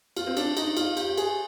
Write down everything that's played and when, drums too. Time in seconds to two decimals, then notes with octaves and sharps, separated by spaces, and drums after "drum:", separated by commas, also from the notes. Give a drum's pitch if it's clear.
0.16 F4, drum: cymbal
0.27 C4
0.37 D4, drum: cymbal
0.57 D#4, drum: cymbal
0.77 F4, drum: cymbal
0.97 G4, drum: cymbal
1.08 G4
1.18 G#4, drum: cymbal